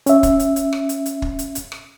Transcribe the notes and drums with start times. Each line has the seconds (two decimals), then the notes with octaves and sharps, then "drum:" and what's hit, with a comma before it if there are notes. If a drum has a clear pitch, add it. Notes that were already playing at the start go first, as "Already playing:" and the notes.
0.06 C#4 E5, drum: hi-hat
0.23 drum: kick, hi-hat
0.40 drum: hi-hat
0.56 drum: hi-hat
0.73 drum: rim click
0.89 drum: hi-hat
1.06 drum: hi-hat
1.22 drum: kick
1.39 drum: hi-hat
1.55 drum: hi-hat
1.72 drum: rim click